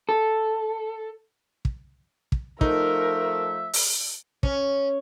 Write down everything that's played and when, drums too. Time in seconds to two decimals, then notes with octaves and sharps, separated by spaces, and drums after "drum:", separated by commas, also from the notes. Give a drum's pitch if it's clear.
0.09 A4
1.65 drum: kick
2.32 drum: kick
2.61 F3 A3 D#4 A#4 E5, drum: kick
3.73 drum: open hi-hat
4.43 C#4, drum: kick